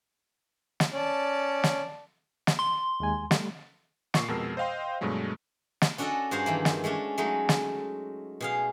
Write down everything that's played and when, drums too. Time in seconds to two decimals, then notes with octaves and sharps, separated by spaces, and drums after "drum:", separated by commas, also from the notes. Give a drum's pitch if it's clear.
0.80 drum: snare
0.93 C#4 D5 A5
1.64 drum: snare
2.47 drum: snare
2.59 C6
3.00 D#2 G#3 G#5
3.31 G3 A3, drum: snare
4.14 A#2 C#6 C7, drum: snare
4.28 F2 B2 G#3 A#4 A5 E6
4.57 C5 D#5 F5 G5 C6
5.01 G2 B2 F#3 G#3 A3
5.82 drum: snare
5.98 C#4 D4 F#4 A4 D5 D#5
6.31 G2 F#4 G#4 C5 F5
6.46 D#3 E3 A#3
6.65 drum: snare
6.84 G#3 A3 C#4 D4
7.18 F#3 G#3 A3 D#4
7.49 drum: snare
8.41 B2 G#4 F5